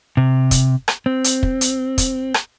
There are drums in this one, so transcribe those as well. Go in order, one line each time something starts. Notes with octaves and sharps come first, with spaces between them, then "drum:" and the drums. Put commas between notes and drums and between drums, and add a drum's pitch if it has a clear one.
C3
drum: kick, hi-hat
drum: rim click
C4
drum: hi-hat
drum: kick
drum: hi-hat
drum: kick, hi-hat
drum: rim click